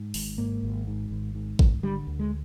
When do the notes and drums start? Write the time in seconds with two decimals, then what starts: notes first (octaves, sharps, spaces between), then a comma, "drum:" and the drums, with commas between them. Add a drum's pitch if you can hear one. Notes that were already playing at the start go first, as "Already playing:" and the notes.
Already playing: G#2
0.14 G#1, drum: open hi-hat
0.38 G#2 A#3
0.63 G#1
0.87 G#2
1.11 G#1
1.35 G#2
1.59 G#1, drum: kick G#1
1.83 D3 G3
2.07 D2
2.19 G#3